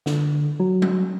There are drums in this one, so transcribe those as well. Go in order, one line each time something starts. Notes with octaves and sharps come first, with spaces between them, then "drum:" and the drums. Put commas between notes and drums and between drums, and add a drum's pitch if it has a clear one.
D3, drum: snare
F#3
drum: tom F#3